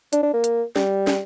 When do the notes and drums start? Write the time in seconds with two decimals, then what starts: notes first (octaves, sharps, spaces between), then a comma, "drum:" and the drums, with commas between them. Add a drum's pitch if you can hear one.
0.13 D4, drum: hi-hat
0.23 D4
0.34 A#3
0.44 drum: hi-hat
0.76 G3, drum: snare
1.07 drum: snare